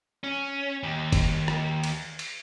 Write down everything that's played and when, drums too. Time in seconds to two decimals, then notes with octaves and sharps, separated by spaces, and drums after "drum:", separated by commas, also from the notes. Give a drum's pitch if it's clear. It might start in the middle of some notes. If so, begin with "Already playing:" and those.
0.24 C#4
0.83 D#2
1.12 drum: kick, cymbal
1.48 drum: rim click
1.84 drum: cymbal
2.19 drum: cymbal